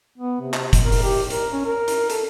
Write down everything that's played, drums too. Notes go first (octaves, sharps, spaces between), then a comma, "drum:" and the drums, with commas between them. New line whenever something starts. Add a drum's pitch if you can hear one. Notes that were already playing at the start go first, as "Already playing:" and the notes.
B3
C3
drum: clap
drum: kick F1, hi-hat
A#4
drum: open hi-hat
G4
A#4, drum: hi-hat
C#4
A#4
drum: hi-hat
A4, drum: hi-hat